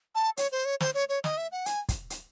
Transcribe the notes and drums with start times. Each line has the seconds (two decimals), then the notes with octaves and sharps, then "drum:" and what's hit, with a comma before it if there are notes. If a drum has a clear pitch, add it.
0.15 A5
0.37 C#5, drum: hi-hat
0.52 C5
0.65 C#5
0.80 C5, drum: snare
0.94 C#5
1.09 C#5
1.24 D#5, drum: snare
1.37 E5
1.52 F#5
1.66 G#5, drum: hi-hat
1.89 drum: kick, hi-hat
2.10 drum: hi-hat